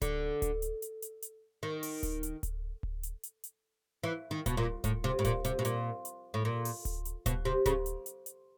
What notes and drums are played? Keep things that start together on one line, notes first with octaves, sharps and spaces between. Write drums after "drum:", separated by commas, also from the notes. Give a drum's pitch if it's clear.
D3, drum: kick D1, hi-hat
drum: kick D1, hi-hat
drum: hi-hat
drum: hi-hat
drum: hi-hat
drum: hi-hat
D#3
drum: open hi-hat
drum: kick D1, hi-hat
drum: hi-hat
drum: kick D1, hi-hat
drum: kick D1
drum: hi-hat
drum: hi-hat
drum: hi-hat
E3
D#3
B2, drum: kick D1, hi-hat
A#2
A2, drum: kick D1, hi-hat
C3
A2
A#2, drum: kick D1, hi-hat
C3, drum: hi-hat
B2
A#2, drum: hi-hat
drum: hi-hat
A2
A#2
drum: open hi-hat
drum: kick D1, hi-hat
drum: hi-hat
B2, drum: kick D1, hi-hat
C3
C#3, drum: kick D1, hi-hat
drum: hi-hat
drum: hi-hat
drum: hi-hat